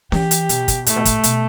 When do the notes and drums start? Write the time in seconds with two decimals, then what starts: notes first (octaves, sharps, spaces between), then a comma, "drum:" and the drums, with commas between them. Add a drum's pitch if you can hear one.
0.12 E3 G4, drum: snare C#4
0.31 drum: hi-hat
0.49 B2, drum: hi-hat
0.68 drum: kick, hi-hat
0.86 A2 A3, drum: hi-hat
0.96 B2
1.05 A2, drum: kick, hi-hat
1.23 B2, drum: hi-hat